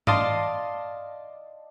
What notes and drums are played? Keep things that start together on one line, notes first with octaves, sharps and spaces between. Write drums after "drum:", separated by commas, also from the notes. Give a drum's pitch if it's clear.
D5 D#5 F5 A5 C6, drum: tom G2